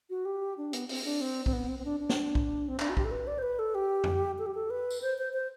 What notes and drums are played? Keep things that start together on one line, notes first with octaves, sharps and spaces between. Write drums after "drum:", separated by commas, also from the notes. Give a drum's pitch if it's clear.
F#4
G4
D4
B3, drum: hi-hat
C4, drum: open hi-hat
D4
C4
C4, drum: kick B1
B3
C4
C4
D4
D4
drum: snare
drum: kick B1
C4
D4, drum: clap
F#4
G4, drum: kick B1
A4
B4
D5
C5
B4
A4
G4
drum: tom F2
A4
G4
A4
B4
drum: tambourine
C5
C5
C5